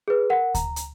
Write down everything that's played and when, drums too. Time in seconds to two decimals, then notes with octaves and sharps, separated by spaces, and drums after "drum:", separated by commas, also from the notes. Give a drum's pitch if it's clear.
0.08 G#4 B4
0.30 A#4 F#5
0.55 A#5, drum: kick D2, hi-hat
0.76 drum: hi-hat